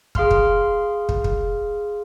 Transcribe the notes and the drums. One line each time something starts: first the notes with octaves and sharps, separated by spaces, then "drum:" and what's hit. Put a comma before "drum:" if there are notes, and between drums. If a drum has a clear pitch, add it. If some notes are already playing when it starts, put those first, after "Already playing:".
G#4 F5 C6 F6, drum: kick
drum: kick
drum: kick
drum: kick